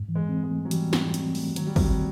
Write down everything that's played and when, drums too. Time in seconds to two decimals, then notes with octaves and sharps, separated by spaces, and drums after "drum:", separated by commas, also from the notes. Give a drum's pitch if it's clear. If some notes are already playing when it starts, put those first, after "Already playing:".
Already playing: G#2
0.09 E3
0.15 G#3
0.29 C4
0.44 G#3
0.51 A3
0.65 F#3
0.71 E3 G3, drum: hi-hat
0.93 G#2, drum: snare
1.14 C4, drum: hi-hat
1.35 A3, drum: open hi-hat
1.56 D#3 F#3, drum: hi-hat
1.67 G3
1.76 F#3 C4, drum: kick, open hi-hat